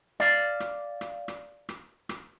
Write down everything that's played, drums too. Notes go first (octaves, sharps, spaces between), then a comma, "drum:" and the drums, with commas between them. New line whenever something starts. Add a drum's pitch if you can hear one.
D5 F5, drum: rim click
drum: rim click
drum: rim click
drum: rim click
drum: rim click
drum: rim click